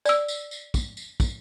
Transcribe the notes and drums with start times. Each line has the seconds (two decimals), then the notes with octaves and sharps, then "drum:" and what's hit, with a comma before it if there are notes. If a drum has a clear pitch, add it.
0.06 D5 E6, drum: tambourine
0.28 drum: tambourine
0.51 drum: tambourine
0.74 drum: kick, tambourine
0.97 drum: tambourine
1.20 drum: kick, tambourine